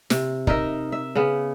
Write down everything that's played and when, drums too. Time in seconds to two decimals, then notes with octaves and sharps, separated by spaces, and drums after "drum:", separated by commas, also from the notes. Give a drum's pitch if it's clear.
0.10 C3, drum: snare
0.47 D#4 A#4 D#5 E5, drum: kick
0.92 E5
1.15 C#3 B3